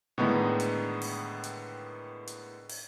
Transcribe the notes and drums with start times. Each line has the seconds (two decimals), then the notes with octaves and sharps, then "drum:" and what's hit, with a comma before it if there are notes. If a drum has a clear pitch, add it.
0.18 A2 D3 D#3 G#3 B3 D#4
0.60 drum: hi-hat
1.02 drum: open hi-hat
1.44 drum: hi-hat
2.27 drum: hi-hat
2.69 drum: open hi-hat